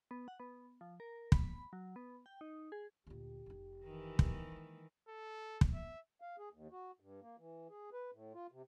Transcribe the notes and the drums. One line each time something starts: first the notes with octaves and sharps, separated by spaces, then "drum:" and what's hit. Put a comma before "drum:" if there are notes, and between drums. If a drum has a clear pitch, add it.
B3
F#5
B3
F3
A#4
B5, drum: kick
F#3
B3
G5
D#4
G#4
D2 A#2 G4
F1 D#4
D#3 E3
drum: kick
G#3 A#3
A4
drum: kick
E5
F5
G#4
D#2
F#4
G2
A#3
E3
G#4
B4
A2
F4
C3